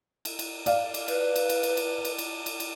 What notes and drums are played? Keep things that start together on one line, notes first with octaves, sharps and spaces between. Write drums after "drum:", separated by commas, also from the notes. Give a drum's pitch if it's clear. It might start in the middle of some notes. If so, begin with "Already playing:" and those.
drum: cymbal
drum: cymbal
D5 F5, drum: cymbal
drum: cymbal
B4, drum: cymbal
drum: cymbal
drum: cymbal
drum: cymbal
drum: cymbal
drum: cymbal
drum: cymbal
drum: cymbal
drum: cymbal